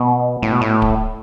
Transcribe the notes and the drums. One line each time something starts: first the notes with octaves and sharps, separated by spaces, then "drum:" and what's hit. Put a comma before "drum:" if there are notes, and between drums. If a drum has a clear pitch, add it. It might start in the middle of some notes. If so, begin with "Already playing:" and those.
Already playing: B2
A2
B2
A2
drum: kick D1